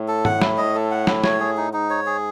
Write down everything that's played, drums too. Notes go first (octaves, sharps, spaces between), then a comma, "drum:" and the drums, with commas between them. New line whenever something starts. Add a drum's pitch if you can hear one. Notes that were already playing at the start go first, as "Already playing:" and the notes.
Already playing: A2
A4
F#5, drum: tom G#2
E4, drum: snare
D#5
A4
F#5
E4, drum: snare
C#5, drum: snare
G#4
D#4
G#2 D#4
C#5
G#4